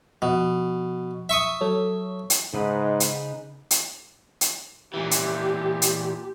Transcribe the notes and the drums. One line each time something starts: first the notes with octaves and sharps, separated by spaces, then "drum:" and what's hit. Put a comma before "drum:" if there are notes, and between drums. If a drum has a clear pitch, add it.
B2 F3
E5 C#6 D#6
F#3 A4 C#5
drum: hi-hat
G#2 C#3 D#4 B4
drum: hi-hat
drum: hi-hat
drum: hi-hat
A#2 E3 G4
drum: hi-hat
drum: hi-hat